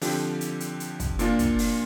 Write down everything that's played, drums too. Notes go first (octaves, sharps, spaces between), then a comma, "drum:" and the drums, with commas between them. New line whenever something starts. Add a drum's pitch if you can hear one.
D3 F3 C4 G4, drum: open hi-hat
drum: hi-hat
drum: hi-hat
drum: hi-hat
drum: kick, hi-hat
A#2 A#3 D4 F4, drum: hi-hat
drum: kick, hi-hat
drum: open hi-hat